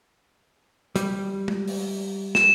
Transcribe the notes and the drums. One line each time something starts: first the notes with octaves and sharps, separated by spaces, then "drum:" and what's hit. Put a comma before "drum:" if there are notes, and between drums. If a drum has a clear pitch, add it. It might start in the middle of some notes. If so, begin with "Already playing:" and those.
G3, drum: hi-hat
drum: tom G#3
drum: open hi-hat
E7, drum: snare